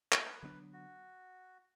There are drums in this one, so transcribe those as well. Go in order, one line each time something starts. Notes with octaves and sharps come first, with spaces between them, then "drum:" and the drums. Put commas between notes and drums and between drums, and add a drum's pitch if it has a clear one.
B4, drum: clap
C#5
B4
D3 F#3 B3 D4
F#4